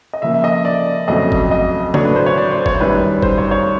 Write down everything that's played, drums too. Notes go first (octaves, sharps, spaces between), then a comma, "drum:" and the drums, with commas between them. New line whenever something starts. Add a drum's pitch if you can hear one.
D#5
C#3 F3 A#3 E5
E5
D#5
D5
F2 C#3 F#3 A3 C4 D#5
drum: kick
D#5
A2 F#3 A3 D4 C#5, drum: tom C#3
B4
C5
C#5
D5
C5
C#5, drum: kick
F#2 D#3 G3 B4
C5, drum: kick
C#5
C#5